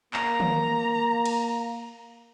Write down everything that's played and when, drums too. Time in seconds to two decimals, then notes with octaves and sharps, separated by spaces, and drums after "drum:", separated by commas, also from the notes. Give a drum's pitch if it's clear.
0.13 A#3 A#5, drum: clap
0.40 drum: tom D#3
1.25 drum: cymbal